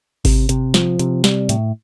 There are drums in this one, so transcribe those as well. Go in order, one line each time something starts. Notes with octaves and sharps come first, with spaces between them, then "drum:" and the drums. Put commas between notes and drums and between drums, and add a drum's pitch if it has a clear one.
C3, drum: kick G#1, open hi-hat
C3, drum: hi-hat
F3, drum: snare
C3, drum: hi-hat
G3, drum: snare
A2, drum: hi-hat